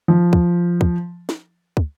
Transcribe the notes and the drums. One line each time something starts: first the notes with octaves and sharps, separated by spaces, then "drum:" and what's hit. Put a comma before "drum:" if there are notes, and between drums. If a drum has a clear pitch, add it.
F3
drum: kick
drum: kick
drum: snare
drum: kick